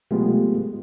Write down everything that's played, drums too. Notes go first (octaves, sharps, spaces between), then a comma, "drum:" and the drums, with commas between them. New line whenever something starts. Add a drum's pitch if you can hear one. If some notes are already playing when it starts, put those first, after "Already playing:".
F#3 G#3 A3 B3 F4 G4, drum: tom B2